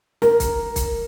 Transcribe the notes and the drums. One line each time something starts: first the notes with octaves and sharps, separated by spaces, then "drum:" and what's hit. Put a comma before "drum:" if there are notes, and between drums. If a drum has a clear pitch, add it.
A#4, drum: snare
drum: kick, hi-hat
drum: kick, hi-hat